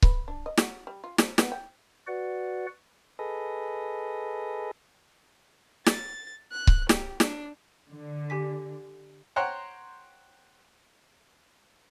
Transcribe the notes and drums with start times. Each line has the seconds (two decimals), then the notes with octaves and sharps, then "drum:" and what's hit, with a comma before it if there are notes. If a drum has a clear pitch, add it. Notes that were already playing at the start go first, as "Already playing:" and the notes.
0.02 B4, drum: kick C#1
0.28 D4
0.46 D#5
0.57 F#4, drum: snare
0.87 G3
1.04 F4
1.18 F3, drum: snare
1.38 B3, drum: snare
1.52 G5
2.07 F#4 B4 D5 F#5
3.19 G#4 A4 B4 D#5
5.86 A6, drum: snare
6.52 F#6
6.67 drum: kick C#1
6.89 G4, drum: snare
7.20 D4, drum: snare
7.88 D3
8.30 G4 G#5 B6
9.36 C5 C#5 F#5 G5 A#5 C6